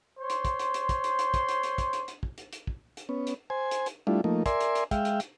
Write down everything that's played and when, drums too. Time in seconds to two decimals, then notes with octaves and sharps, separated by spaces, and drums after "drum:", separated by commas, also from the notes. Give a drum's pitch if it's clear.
0.19 C5 C#5 C6
0.30 drum: hi-hat
0.45 drum: kick, hi-hat
0.59 drum: hi-hat
0.74 drum: hi-hat
0.89 drum: kick, hi-hat
1.04 drum: hi-hat
1.19 drum: hi-hat
1.34 drum: kick, hi-hat
1.49 drum: hi-hat
1.63 drum: hi-hat
1.78 drum: kick, hi-hat
1.93 drum: hi-hat
2.08 drum: hi-hat
2.23 drum: kick
2.38 drum: hi-hat
2.53 drum: hi-hat
2.67 drum: kick
2.97 drum: hi-hat
3.09 B3 C#4
3.27 drum: hi-hat
3.50 C5 G#5
3.71 drum: hi-hat
3.86 drum: hi-hat
4.07 G3 A3 D4 E4 F4
4.24 F3 A3 A#3 D#4
4.46 A#4 D5 E5 G#5 C6, drum: kick, hi-hat
4.61 drum: hi-hat
4.75 drum: hi-hat
4.91 G#3 E5 F5 G5, drum: kick, hi-hat
5.05 drum: hi-hat
5.20 drum: hi-hat